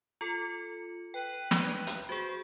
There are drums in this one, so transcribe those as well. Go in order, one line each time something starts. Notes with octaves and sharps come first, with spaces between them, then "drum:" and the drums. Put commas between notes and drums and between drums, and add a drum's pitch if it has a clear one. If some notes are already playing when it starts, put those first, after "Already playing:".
F4 A4 C#7
B4 G5
drum: snare
drum: hi-hat
F#4 G#4 C5